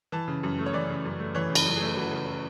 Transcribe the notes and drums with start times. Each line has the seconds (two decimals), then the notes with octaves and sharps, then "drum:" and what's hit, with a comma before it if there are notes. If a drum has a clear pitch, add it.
0.12 E3 A5
0.28 C#3
0.43 F#2
0.59 A3
0.66 C#5
0.73 E3 D5
0.90 C#3
1.05 F#2
1.20 A3
1.35 E3 C#5
1.50 C#3
1.55 B4, drum: cymbal
1.66 F#2
1.76 G#4
1.81 A3
1.96 E3 F#4
2.11 C#3